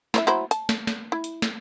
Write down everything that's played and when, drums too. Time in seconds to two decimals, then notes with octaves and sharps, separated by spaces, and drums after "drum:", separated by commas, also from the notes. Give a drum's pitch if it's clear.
0.14 E4 C#5 E5, drum: snare
0.27 F#3 E4 C5
0.51 A5, drum: hi-hat
0.69 drum: snare
0.87 drum: snare
1.12 E4
1.24 drum: hi-hat
1.42 drum: snare